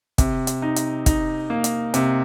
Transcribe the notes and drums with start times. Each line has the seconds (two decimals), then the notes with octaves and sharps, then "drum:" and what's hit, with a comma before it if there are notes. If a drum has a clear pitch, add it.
0.18 C3, drum: kick, hi-hat
0.47 drum: hi-hat
0.62 D#4
0.76 drum: hi-hat
1.06 D#4, drum: kick, hi-hat
1.50 A#3
1.64 drum: hi-hat
1.94 C3, drum: hi-hat